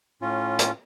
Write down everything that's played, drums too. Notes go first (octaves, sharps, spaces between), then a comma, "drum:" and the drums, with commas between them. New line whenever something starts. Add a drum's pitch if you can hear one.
A2 C#4 F4
drum: hi-hat